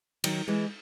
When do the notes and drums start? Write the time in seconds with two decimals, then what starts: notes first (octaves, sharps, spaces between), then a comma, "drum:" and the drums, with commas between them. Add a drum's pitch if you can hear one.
0.24 D#3 F#3, drum: cymbal
0.48 E3 G#3